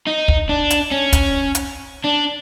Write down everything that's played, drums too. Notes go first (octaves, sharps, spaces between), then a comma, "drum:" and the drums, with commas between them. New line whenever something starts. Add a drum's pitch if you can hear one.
D#4
drum: kick
D4
drum: hi-hat
C#4
drum: kick, hi-hat
drum: hi-hat
D4